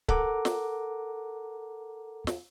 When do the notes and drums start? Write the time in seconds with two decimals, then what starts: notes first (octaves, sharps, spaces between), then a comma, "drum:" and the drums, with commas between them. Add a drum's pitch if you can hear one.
0.09 A4 A#4 F#5 A#5 D6, drum: kick C#1
0.45 drum: snare
2.27 drum: snare